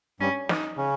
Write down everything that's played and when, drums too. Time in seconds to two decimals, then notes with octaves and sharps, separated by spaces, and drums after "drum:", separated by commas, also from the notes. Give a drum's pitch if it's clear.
0.20 G2 G3 C#4
0.49 D#4, drum: snare
0.77 C#3 C#4